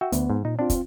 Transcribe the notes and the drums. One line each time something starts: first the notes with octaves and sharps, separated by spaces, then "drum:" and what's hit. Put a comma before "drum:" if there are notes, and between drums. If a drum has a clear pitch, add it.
F#4 E5 G5
D2 B3, drum: hi-hat
G#2
A#2 D#4
C4 D4 F4
drum: kick, hi-hat